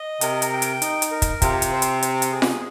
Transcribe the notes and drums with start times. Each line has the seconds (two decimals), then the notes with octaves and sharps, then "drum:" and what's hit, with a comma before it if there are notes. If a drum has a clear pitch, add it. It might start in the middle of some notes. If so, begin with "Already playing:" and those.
Already playing: D#5
0.21 C3 A#4, drum: hi-hat
0.42 drum: hi-hat
0.52 G5
0.62 drum: hi-hat
0.82 D#4, drum: hi-hat
1.02 drum: hi-hat
1.11 A#4
1.22 drum: kick, hi-hat
1.42 C3 F4, drum: kick, hi-hat
1.62 drum: hi-hat
1.72 C5
1.82 drum: hi-hat
2.03 C5, drum: hi-hat
2.22 drum: hi-hat
2.32 G#4
2.42 drum: snare F4